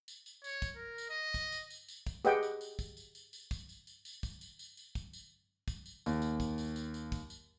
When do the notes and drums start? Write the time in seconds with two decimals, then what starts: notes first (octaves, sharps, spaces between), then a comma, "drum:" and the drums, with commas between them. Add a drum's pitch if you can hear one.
0.08 drum: tambourine
0.26 drum: tambourine
0.44 C#5, drum: tambourine
0.62 drum: kick, tambourine
0.76 A#4
0.98 drum: tambourine
1.10 D#5
1.34 drum: kick, tambourine
1.52 drum: tambourine
1.70 drum: tambourine
1.88 drum: tambourine
2.07 drum: kick, tambourine
2.25 G4 G#4 B4 D#5 F#5 G5, drum: tambourine
2.43 drum: tambourine
2.61 drum: tambourine
2.79 drum: kick, tambourine
2.97 drum: tambourine
3.15 drum: tambourine
3.33 drum: tambourine
3.51 drum: kick, tambourine
3.69 drum: tambourine
3.87 drum: tambourine
4.05 drum: tambourine
4.23 drum: kick, tambourine
4.41 drum: tambourine
4.59 drum: tambourine
4.77 drum: tambourine
4.95 drum: kick, tambourine
5.13 drum: tambourine
5.68 drum: kick, tambourine
5.86 drum: tambourine
6.06 D#2, drum: tambourine
6.22 drum: tambourine
6.40 drum: kick, tambourine
6.58 drum: tambourine
6.76 drum: tambourine
6.94 drum: tambourine
7.12 drum: kick, tambourine
7.30 drum: tambourine